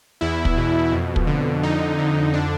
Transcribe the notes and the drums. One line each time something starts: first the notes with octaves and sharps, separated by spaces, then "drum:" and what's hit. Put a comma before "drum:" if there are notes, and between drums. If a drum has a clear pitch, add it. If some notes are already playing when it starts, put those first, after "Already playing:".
E2 E4
drum: kick
B2
F2
drum: kick
D3
F2 D#4
D3
D4